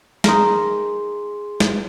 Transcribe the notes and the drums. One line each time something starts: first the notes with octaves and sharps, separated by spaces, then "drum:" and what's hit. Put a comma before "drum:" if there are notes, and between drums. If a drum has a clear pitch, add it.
D#4 G#4 A#4 C6, drum: snare
drum: snare